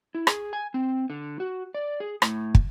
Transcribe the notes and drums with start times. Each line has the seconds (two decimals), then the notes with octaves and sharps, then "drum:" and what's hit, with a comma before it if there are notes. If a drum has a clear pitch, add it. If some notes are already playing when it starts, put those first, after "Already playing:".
0.15 E4
0.27 G#4, drum: rim click
0.53 G#5
0.74 C4
1.10 D3
1.40 F#4
1.75 D5
2.00 G#4
2.22 A2, drum: rim click
2.55 drum: kick